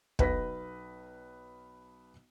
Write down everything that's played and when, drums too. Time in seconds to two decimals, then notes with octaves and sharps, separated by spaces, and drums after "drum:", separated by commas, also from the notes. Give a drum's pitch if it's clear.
0.19 B1 B4 A#6 B6, drum: kick